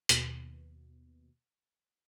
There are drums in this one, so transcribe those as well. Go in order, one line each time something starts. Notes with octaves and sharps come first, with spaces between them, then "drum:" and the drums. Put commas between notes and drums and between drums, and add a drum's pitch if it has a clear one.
D#2 B2, drum: hi-hat